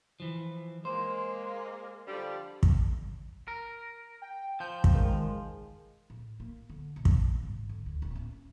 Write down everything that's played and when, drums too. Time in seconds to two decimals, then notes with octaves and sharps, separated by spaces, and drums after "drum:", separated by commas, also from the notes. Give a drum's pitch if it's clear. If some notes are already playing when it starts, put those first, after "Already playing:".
0.20 E3 F3
0.85 G#3 A#3 C5
2.07 D3 F3 G3
2.63 drum: kick
3.48 A#4
4.22 G5
4.60 F3 G6
4.84 drum: kick
4.94 D#3 G#3
6.10 A2
6.40 A#3
6.70 D3
6.96 A#1
7.05 drum: kick
7.43 G#2
7.69 D3
7.86 D2
8.02 D1
8.16 C#4